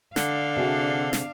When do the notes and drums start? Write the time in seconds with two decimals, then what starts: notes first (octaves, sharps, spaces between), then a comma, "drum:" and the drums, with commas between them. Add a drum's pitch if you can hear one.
0.16 D3 D4 F5, drum: snare
0.56 C3 F#4 G#4
1.13 drum: snare